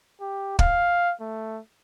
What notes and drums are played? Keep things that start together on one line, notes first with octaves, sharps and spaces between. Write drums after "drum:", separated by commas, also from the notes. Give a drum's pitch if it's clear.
G4
F5, drum: kick
A3